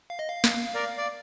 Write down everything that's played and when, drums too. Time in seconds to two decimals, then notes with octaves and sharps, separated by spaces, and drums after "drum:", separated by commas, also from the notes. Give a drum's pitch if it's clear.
0.10 F5
0.19 D#5
0.29 F5
0.44 drum: snare
0.75 A#4 D5
0.98 D5